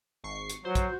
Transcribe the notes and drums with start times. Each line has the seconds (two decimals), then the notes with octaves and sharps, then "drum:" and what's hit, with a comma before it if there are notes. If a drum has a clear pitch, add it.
0.24 G#1 C#6 C7
0.50 drum: hi-hat
0.65 F#3 F#4 C5
0.75 drum: kick, hi-hat